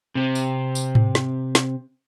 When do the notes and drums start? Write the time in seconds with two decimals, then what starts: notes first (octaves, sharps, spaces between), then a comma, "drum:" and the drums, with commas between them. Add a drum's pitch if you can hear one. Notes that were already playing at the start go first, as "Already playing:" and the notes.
0.15 C3 C4
0.35 drum: tambourine
0.75 drum: tambourine
0.95 drum: tom G#2
1.15 drum: snare
1.55 drum: snare